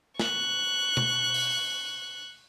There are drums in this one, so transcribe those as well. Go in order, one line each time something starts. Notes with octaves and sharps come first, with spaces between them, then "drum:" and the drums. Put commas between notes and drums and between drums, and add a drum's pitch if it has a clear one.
C#6 F#6, drum: snare
drum: tom B2
drum: open hi-hat